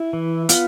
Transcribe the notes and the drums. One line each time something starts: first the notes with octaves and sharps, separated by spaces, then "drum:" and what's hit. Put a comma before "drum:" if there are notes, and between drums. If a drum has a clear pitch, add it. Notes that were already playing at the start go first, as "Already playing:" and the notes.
Already playing: E4
E3
B3 F4, drum: hi-hat